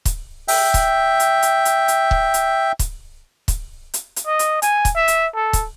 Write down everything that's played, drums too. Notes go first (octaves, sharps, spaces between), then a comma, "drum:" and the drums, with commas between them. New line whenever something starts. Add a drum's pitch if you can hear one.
drum: kick, hi-hat
E5 G5, drum: open hi-hat
drum: kick, hi-hat
drum: hi-hat
drum: hi-hat
drum: hi-hat
drum: hi-hat
drum: kick
drum: hi-hat
drum: kick, hi-hat
drum: kick, hi-hat
drum: hi-hat
drum: hi-hat
D#5
drum: hi-hat
G#5, drum: hi-hat
drum: kick, hi-hat
E5
drum: hi-hat
A4
drum: kick, hi-hat